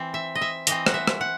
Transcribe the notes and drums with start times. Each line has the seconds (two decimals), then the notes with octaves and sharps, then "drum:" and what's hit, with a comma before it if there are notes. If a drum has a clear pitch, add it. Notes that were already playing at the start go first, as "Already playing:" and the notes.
Already playing: E3 C4
0.14 E5
0.35 D#5
0.41 E5
0.67 E3 C4 D#5, drum: hi-hat
0.86 F#5, drum: rim click
0.94 E5
1.07 drum: rim click
1.21 F#5